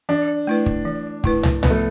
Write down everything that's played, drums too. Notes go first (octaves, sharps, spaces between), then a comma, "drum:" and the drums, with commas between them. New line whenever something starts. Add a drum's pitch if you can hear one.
E3 D4
A3 E4 B4
drum: kick
E3
A3 E4 B4, drum: kick
drum: tom
F3 B3, drum: tom
A3